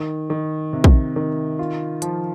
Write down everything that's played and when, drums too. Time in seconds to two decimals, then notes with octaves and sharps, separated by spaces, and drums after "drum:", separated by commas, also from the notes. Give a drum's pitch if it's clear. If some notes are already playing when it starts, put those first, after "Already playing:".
Already playing: D#3
0.30 D#3
0.73 C3
0.84 drum: kick
1.16 D#3
1.59 F4
2.02 F3, drum: hi-hat